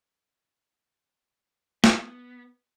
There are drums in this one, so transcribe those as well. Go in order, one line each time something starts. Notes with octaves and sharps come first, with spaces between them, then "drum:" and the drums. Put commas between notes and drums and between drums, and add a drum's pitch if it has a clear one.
B3, drum: snare